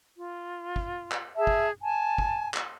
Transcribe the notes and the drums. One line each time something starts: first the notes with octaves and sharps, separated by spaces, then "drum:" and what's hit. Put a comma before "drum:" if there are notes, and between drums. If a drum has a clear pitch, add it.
F4
drum: kick
drum: clap
G#4 E5 A5
drum: kick
G#5 A5
drum: kick
drum: clap